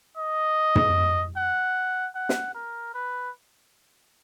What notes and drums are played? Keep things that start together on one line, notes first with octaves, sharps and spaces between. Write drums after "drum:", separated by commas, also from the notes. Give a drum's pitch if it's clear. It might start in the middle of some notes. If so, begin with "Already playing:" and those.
D#5
drum: tom
F#5
F#5
drum: snare
A#4
B4